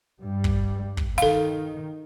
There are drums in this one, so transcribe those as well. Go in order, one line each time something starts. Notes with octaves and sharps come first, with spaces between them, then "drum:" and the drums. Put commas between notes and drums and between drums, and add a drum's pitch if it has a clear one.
G2 G3
drum: kick
drum: kick
D#3 A4 F5, drum: hi-hat